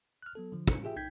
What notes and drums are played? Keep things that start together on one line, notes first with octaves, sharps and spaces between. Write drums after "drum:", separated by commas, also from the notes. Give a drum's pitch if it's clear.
F6 F#6
F#3 B3 A4
D3 F3
D4 C#7, drum: kick
F4 G4 G#4 E5 G5
B1 D#4 G5 G6 G#6 B6